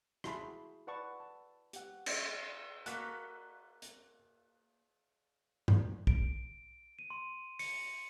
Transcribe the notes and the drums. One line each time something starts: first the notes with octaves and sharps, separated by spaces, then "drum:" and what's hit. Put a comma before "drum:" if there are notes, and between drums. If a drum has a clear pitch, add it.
E4 F#4 G#4 A5 B5 C6, drum: rim click
B4 D5 F#5 A5 C#6
A5
G4 F#5, drum: hi-hat
drum: cymbal
A#3 F#4 A4 F#6 B6, drum: hi-hat
drum: hi-hat
drum: tom G2
D7, drum: kick
D#7
C6
C#7, drum: open hi-hat